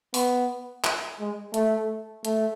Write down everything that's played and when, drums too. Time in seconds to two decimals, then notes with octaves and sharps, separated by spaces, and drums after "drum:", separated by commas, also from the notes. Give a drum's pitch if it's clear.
0.14 B3, drum: open hi-hat
0.84 drum: clap
1.20 G#3
1.54 A3, drum: hi-hat
2.25 A3, drum: hi-hat